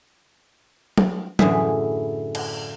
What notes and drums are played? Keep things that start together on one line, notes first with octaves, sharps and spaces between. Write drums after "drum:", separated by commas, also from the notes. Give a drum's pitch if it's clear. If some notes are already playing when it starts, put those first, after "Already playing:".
drum: tom F#3
F#2 A2 D3 E3 G#4 E5, drum: tom F#3
drum: cymbal